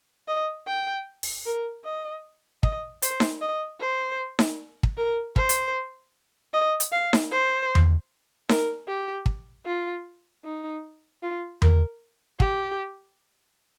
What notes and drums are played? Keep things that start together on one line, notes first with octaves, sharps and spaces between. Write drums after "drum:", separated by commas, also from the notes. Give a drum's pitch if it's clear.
D#5
G5
drum: open hi-hat
A#4
D#5
D#5, drum: kick
C5, drum: hi-hat
drum: snare D#4
D#5
C5
drum: snare D#4
drum: kick
A#4
C5, drum: kick
drum: hi-hat
D#5
drum: hi-hat
F5
drum: snare D#4
C5
drum: tom E2
A#4, drum: snare D#4
G4
drum: kick
F4
D#4
F4
A#4, drum: tom E2
G4, drum: kick